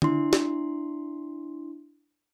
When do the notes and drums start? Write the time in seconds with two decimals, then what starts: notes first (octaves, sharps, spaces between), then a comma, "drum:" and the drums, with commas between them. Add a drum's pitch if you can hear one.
0.02 D4 E4 C6, drum: tom D3
0.33 drum: snare